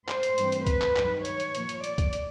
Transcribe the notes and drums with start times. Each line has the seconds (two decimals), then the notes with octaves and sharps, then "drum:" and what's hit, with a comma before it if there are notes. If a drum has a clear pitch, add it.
0.08 C5, drum: clap
0.23 drum: hi-hat
0.38 G2 E3 A3 C4, drum: hi-hat
0.52 drum: hi-hat
0.66 B4, drum: kick C#2, hi-hat
0.81 drum: clap
0.96 G2 D#3 F#3, drum: clap
1.25 C#5, drum: hi-hat
1.40 drum: hi-hat
1.55 A#2 F3 A#3, drum: hi-hat
1.69 drum: hi-hat
1.84 D5, drum: hi-hat
1.98 drum: kick C#2, hi-hat
2.13 drum: hi-hat